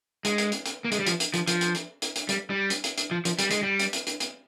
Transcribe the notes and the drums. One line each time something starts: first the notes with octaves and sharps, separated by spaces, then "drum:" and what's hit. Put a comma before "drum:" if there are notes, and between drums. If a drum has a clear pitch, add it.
G#3, drum: hi-hat
drum: hi-hat
drum: hi-hat
drum: hi-hat
A#3
G#3, drum: hi-hat
G3
F3, drum: hi-hat
drum: hi-hat
F3, drum: hi-hat
F3, drum: hi-hat
drum: hi-hat
drum: hi-hat
drum: hi-hat
drum: hi-hat
G3, drum: hi-hat
G3
drum: hi-hat
drum: hi-hat
drum: hi-hat
F3
F3, drum: hi-hat
G3, drum: hi-hat
G#3, drum: hi-hat
G3
drum: hi-hat
drum: hi-hat
drum: hi-hat
drum: hi-hat